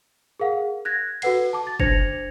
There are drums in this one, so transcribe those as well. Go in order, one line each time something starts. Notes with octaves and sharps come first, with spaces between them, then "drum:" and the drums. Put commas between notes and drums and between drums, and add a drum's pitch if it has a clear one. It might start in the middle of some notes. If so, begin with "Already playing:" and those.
G#4 A#4 F5 F#5
F#6 G#6 A#6
F#4 A4 B4 F#5 C7, drum: cymbal
A5 D6
A6
D4 C5 G#6 A#6 C#7 F7, drum: kick